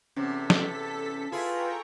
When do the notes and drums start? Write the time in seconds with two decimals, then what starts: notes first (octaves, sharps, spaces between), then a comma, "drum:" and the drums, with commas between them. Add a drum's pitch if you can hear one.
0.16 E2 C3 C#4 A4 B6
0.50 drum: snare
1.32 E4 F4 G#4 B4 G5 A#5 C#6